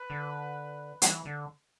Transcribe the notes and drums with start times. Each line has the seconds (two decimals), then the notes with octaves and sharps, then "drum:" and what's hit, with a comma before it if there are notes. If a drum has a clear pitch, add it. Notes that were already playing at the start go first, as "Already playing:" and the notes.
Already playing: B4
0.10 D3
1.02 E3, drum: hi-hat
1.25 D3